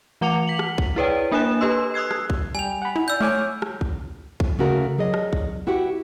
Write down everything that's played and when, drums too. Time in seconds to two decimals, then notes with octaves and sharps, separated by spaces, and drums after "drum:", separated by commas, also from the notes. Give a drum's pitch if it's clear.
0.21 E3 A3 F#5 D6 C#7 F7
0.47 B6 F#7
0.59 drum: rim click
0.78 drum: kick
0.96 E4 G#4 B4 C#5 D5 G5
1.31 A#3 D4 A#4 G#5 F#6 E7
1.61 G4 A4 B4 D#5 C6 E6
1.94 D#6 E6 F#6 G#6 C7
2.11 drum: rim click
2.30 drum: kick
2.55 G3 G5 G#5 F7
2.82 F#5 B5
2.96 D#4 E4
3.08 D5 E6 G6
3.21 A3 C#5 G#5 D6 F6
3.62 drum: rim click
3.81 drum: kick
4.40 F2, drum: kick
4.59 C#3 A3 F#4 A#4
4.98 F#3 G#4 D5 D#5
5.14 drum: rim click
5.33 drum: kick
5.67 E4 F#4 G4 B4 F#5